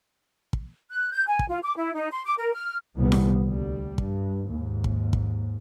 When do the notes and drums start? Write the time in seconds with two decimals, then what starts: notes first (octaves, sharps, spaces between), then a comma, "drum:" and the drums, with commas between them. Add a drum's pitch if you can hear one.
0.53 drum: kick
0.90 F#6
1.12 G6
1.27 G#5
1.39 drum: kick
1.49 F4
1.63 D6
1.77 E4
1.94 D#4
2.12 C6
2.26 D6
2.38 A#4
2.54 F6
2.96 C2 A#2 D#3 G3 B3
3.12 drum: snare E4
3.44 D2 G3
3.98 G2, drum: kick
4.50 D#2 G#2
4.84 drum: kick
5.13 drum: kick